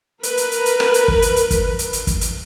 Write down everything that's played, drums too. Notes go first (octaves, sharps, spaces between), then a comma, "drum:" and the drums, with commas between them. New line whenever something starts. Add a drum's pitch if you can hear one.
A#4 B4, drum: hi-hat
drum: hi-hat
drum: hi-hat
drum: hi-hat
drum: rim click
drum: hi-hat
drum: kick
drum: hi-hat
drum: hi-hat
drum: kick, hi-hat
drum: hi-hat
drum: hi-hat
drum: kick, hi-hat
drum: hi-hat